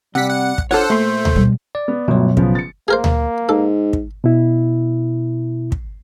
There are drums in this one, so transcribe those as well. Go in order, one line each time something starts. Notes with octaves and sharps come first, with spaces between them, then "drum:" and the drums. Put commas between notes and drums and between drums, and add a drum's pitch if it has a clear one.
C3 G3 F#5 B6
F#5
drum: kick
D4 F4 A4 C5 C#5 F#5
A#2 A3 C6
drum: tom D2
B2 G3
D5
B3
G1 D2 B2 F#3
C#3 F3 B3, drum: kick
A6 C#7
A#3 G#4 A#4 C5
drum: tom D2
G#2 A4
drum: kick
B2 E4
drum: kick